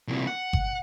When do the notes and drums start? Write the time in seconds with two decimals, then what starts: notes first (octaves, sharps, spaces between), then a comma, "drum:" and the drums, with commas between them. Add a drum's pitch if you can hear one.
0.08 C2 A#2
0.27 F#5
0.53 drum: kick G1